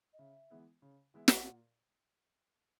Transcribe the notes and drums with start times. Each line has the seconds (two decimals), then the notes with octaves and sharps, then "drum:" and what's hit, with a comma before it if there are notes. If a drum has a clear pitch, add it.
0.13 D#5
0.19 C#3 E5
0.50 E3 G#3 B3 E4
0.82 C#3
1.14 E3 G#3 B3 E4
1.28 drum: snare
1.45 A#2 F#5